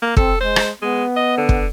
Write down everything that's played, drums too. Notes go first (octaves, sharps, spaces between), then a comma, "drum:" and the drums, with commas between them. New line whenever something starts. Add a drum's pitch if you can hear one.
A#3
C4 A4, drum: kick
G#3 C5
drum: rim click
G#3 B3
D#5
D3
drum: kick